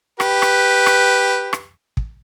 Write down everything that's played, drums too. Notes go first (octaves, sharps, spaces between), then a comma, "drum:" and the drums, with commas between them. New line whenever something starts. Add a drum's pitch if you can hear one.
G4 B4, drum: rim click
drum: rim click
drum: rim click
drum: rim click
drum: kick